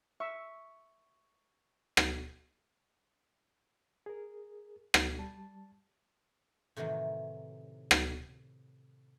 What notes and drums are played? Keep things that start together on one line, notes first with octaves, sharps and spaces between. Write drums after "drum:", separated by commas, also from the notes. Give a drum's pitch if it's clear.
E5 C#6
drum: rim click
G#4 A#4
drum: rim click
G3 A5
A2 C3 D#3 E3 F#3
drum: rim click